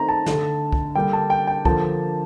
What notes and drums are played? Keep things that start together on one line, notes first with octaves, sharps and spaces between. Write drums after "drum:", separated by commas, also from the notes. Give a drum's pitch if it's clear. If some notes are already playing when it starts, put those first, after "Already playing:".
Already playing: D#3 A3 C4 A#5
A5
D3 A3 D4, drum: snare
drum: kick
D3 G3 A#3 G5
A5
G5
G5
D3 F3 A#3 A5, drum: kick